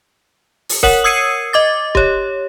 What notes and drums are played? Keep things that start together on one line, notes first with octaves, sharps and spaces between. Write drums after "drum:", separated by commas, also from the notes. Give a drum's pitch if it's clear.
drum: open hi-hat
A#4 C#5 F#5 F#7, drum: kick C#1
D#6 E6 G#6 C7 C#7 D#7
D#5 D6 A6
G4 C#5, drum: kick C#1